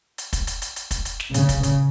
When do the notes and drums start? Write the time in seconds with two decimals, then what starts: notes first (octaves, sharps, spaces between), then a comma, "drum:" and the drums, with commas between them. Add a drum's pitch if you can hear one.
0.18 drum: hi-hat
0.33 drum: kick, hi-hat
0.47 drum: hi-hat
0.62 drum: hi-hat
0.76 drum: hi-hat
0.91 drum: kick, hi-hat
1.05 drum: hi-hat
1.20 drum: snare
1.34 C#3, drum: hi-hat
1.49 drum: kick, hi-hat
1.63 drum: hi-hat